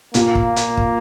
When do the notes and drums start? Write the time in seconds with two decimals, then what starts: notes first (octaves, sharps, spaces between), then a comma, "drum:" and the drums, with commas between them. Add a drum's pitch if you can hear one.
0.14 A#2 A#3, drum: hi-hat
0.35 drum: kick
0.56 drum: hi-hat
0.77 drum: kick